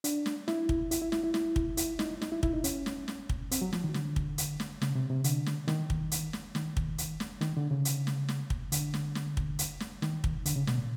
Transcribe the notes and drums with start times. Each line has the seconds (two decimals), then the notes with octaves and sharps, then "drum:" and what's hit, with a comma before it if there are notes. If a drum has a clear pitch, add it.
0.04 D4, drum: hi-hat
0.26 drum: snare
0.48 E4, drum: snare
0.69 drum: kick
0.91 E4, drum: hi-hat
1.02 E4
1.12 E4, drum: snare
1.23 E4
1.34 E4, drum: snare
1.56 drum: kick
1.77 E4, drum: hi-hat
1.99 D#4, drum: snare
2.22 D#4, drum: snare
2.32 E4
2.43 E4, drum: kick
2.54 D#4
2.64 C#4, drum: hi-hat
2.86 drum: snare
3.08 drum: snare
3.29 drum: kick
3.51 C4, drum: hi-hat
3.61 F#3
3.73 F3, drum: snare
3.84 D#3
3.94 D3, drum: snare
4.16 drum: kick
4.38 drum: hi-hat
4.60 drum: snare
4.82 C#3, drum: snare
4.95 C3
5.10 C3
5.24 D3, drum: hi-hat
5.46 drum: snare
5.68 D#3, drum: snare
5.90 drum: kick
6.12 drum: hi-hat
6.33 drum: snare
6.55 D#3, drum: snare
6.77 drum: kick
6.98 drum: hi-hat
7.20 drum: snare
7.41 D#3, drum: snare
7.56 D3
7.71 C#3
7.85 drum: hi-hat
8.07 drum: snare
8.28 drum: snare
8.50 drum: kick
8.72 D3, drum: hi-hat
8.94 drum: snare
9.15 drum: snare
9.37 drum: kick
9.59 drum: hi-hat
9.80 drum: snare
10.02 D#3, drum: snare
10.24 drum: kick
10.46 D3, drum: hi-hat
10.56 C#3
10.67 B2, drum: snare
10.78 A#2